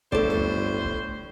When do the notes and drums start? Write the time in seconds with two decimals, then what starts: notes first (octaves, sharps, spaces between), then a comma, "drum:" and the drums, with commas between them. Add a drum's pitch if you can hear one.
0.12 G1 A2 A4 C5 D5, drum: kick
0.30 drum: tom D2
0.83 drum: kick